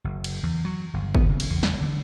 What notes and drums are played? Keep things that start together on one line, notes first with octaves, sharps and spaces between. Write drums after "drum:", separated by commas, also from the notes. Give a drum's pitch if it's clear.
F#1
drum: cymbal
E2
F#3
G1
B3, drum: kick
C#3
drum: cymbal
E2
drum: snare
D3